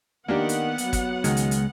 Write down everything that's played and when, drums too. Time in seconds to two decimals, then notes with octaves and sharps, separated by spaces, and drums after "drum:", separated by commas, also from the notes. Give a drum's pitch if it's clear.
0.28 D#3 A#3 B3 D4 G4 F#5
0.49 drum: hi-hat
0.78 F#3, drum: hi-hat
0.93 drum: kick, hi-hat
1.24 C#2 D#3 G#3, drum: hi-hat
1.37 drum: hi-hat
1.51 drum: hi-hat